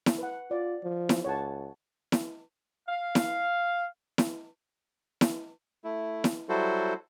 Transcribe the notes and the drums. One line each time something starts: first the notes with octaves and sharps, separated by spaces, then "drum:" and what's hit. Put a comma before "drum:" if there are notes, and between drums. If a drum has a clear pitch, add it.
drum: snare E4
B4 F#5
F4 D5
F3
drum: snare E4
C#2 C#5 F#5 A5
drum: snare E4
F5
drum: snare E4
drum: snare E4
drum: snare E4
A3 E4
drum: snare E4
F#3 G3 E4 F#4 A4 C5